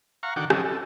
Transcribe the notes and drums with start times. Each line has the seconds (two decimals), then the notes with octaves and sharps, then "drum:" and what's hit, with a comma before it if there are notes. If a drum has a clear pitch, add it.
0.23 F5 F#5 A#5 C#6
0.36 D3 D#3 F#4 F#5 G5 D6
0.50 F#3 C4 C#4 G4 A4 D#5, drum: rim click
0.65 A4